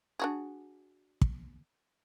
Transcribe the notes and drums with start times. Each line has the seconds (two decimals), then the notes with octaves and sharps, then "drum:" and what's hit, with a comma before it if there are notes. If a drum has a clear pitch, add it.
0.19 D4 F#4 G#4
1.21 drum: kick